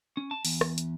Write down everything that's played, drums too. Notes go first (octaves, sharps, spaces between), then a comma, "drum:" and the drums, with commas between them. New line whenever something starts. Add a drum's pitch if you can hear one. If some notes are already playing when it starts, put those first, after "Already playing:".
C#4
A5
E2, drum: open hi-hat
drum: rim click
drum: hi-hat